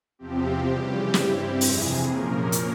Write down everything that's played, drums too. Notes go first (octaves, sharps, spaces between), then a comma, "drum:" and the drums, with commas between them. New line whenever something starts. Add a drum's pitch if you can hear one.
E2 C3 F3 C4 G4
C#3 E3 G3
G2 G3 C4 E4, drum: snare
F2 C3 E3 G#4, drum: open hi-hat
A#2 F3 A#3 C#4 A#4
drum: hi-hat